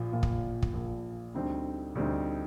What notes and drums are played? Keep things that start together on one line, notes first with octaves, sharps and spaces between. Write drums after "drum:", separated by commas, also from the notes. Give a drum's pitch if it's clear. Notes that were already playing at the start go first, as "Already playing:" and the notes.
Already playing: A#1 A#2 F3
A#1 A#2 F3
drum: kick
drum: kick
A#1 A#2 F3
D2 D3 G3 C4 D#4
D2 D3 G3 C4 D#4